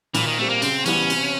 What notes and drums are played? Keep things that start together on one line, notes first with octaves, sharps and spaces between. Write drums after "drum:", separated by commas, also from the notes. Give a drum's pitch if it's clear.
A#2 E3, drum: cymbal
D#3
G3 A3 C4
A#3
C#3 C4, drum: cymbal
E3 G3 B3 C#4, drum: cymbal
C3, drum: cymbal